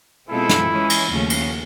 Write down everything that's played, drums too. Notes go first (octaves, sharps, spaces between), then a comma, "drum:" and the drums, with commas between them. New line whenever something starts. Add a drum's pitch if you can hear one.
B2 G#3 C4 E4 F4 A4
drum: snare
E3 G#3 C#4
drum: cymbal
D#2 C#3 F3 A3 C#4
drum: cymbal